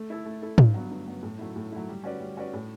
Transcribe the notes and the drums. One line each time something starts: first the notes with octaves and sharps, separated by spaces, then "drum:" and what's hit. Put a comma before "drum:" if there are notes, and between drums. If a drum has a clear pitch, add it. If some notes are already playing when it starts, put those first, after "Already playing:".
Already playing: A3
E4 A4
A3
E4 A4
G2, drum: tom
F#3 B3
G2
F#3 B3
A2
F#3 A3 E4
A2
F#3 A3 E4
G3
C#4 F#4 B4 D5
G3
C#4 F#4 B4 D5
A2